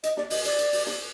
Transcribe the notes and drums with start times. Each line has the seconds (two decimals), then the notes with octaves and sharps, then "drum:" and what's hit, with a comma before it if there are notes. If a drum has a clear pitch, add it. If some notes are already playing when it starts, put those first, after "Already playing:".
0.03 D#5, drum: hi-hat
0.17 D5, drum: snare
0.30 D#5, drum: open hi-hat
0.45 D5, drum: hi-hat
0.59 drum: hi-hat
0.72 drum: open hi-hat
0.86 drum: snare